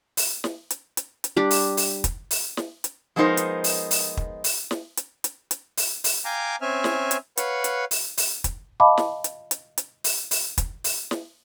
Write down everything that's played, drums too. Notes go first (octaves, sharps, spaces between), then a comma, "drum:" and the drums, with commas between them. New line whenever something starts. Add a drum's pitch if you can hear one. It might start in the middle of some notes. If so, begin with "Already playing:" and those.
drum: open hi-hat
drum: snare
drum: hi-hat
drum: hi-hat
drum: hi-hat
G3 D4 G4
drum: open hi-hat
drum: open hi-hat
drum: kick, hi-hat
drum: open hi-hat
drum: snare
drum: hi-hat
F3 G#3 B3 D#4 A#4 C5
drum: hi-hat
drum: open hi-hat
drum: open hi-hat
drum: kick
drum: open hi-hat
drum: snare
drum: hi-hat
drum: hi-hat
drum: hi-hat
drum: open hi-hat
drum: open hi-hat
F5 G5 G#5 A#5 D6
C4 C#4 E5 G#5 F6
drum: snare
drum: hi-hat
B4 C#5 F5 F#5, drum: hi-hat
drum: hi-hat
drum: open hi-hat
drum: open hi-hat
drum: kick, hi-hat
D#5 F5 A5 B5 D6
drum: snare
drum: hi-hat
drum: hi-hat
drum: hi-hat
drum: open hi-hat
drum: open hi-hat
drum: kick, hi-hat
drum: open hi-hat
drum: snare